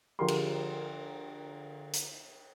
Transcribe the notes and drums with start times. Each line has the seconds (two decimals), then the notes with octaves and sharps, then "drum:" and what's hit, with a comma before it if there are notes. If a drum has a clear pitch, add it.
0.19 D3 F3 G4 G#4 A#4 C6
0.28 drum: cymbal
1.93 drum: hi-hat